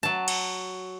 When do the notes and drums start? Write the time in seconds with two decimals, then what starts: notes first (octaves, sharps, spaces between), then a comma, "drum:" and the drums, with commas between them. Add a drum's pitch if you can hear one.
0.03 F#3 A5
0.28 drum: cymbal